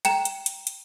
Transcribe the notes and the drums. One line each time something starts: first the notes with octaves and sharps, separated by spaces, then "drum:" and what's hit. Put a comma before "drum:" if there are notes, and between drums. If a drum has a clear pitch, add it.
G5 A#5 E7, drum: hi-hat
drum: hi-hat
drum: hi-hat
drum: hi-hat